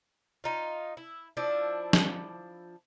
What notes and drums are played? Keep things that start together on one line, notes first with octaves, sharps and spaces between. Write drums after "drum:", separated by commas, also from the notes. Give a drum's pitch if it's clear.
D#4 F4
E4
F3 D4 E4
drum: snare